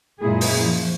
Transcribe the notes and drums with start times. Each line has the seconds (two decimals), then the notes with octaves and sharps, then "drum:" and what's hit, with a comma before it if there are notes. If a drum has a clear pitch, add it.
0.22 F#2 A#2 G#3 E4 G#4
0.41 drum: open hi-hat
0.60 F3